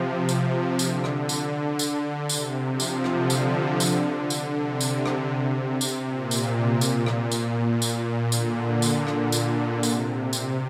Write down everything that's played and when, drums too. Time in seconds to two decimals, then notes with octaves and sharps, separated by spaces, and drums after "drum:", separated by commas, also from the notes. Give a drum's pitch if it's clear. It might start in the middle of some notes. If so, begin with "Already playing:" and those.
Already playing: C3 F3
0.29 drum: tambourine
0.79 D3, drum: tambourine
1.04 drum: rim click
1.29 drum: tambourine
1.79 drum: tambourine
2.29 C3, drum: tambourine
2.67 C3 F3
2.80 drum: tambourine
3.04 D3, drum: rim click
3.30 drum: tambourine
3.80 drum: tambourine
4.30 drum: tambourine
4.56 C3
4.81 drum: tambourine
5.06 drum: rim click
5.81 drum: tambourine
6.06 A#2
6.31 drum: tambourine
6.81 drum: tambourine
7.06 drum: rim click
7.32 drum: tambourine
7.82 drum: tambourine
8.32 D3, drum: tambourine
8.82 drum: tambourine
9.07 D3, drum: rim click
9.32 drum: tambourine
9.83 C3, drum: tambourine
10.33 drum: tambourine